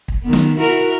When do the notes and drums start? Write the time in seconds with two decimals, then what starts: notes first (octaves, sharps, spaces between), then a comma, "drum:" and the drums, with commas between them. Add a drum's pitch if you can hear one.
0.08 drum: kick
0.23 D#3 B3
0.33 drum: snare
0.57 E4 F#4 A#4